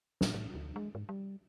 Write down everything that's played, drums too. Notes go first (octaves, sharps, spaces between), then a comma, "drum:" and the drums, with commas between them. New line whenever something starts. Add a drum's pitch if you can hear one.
A#2, drum: snare
A2
D2
G#3
G#2
G3